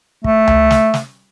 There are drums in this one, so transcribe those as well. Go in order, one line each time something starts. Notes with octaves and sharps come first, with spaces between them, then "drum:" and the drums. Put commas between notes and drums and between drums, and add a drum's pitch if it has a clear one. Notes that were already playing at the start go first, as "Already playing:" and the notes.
A3, drum: kick
drum: tom C#2
drum: snare
drum: snare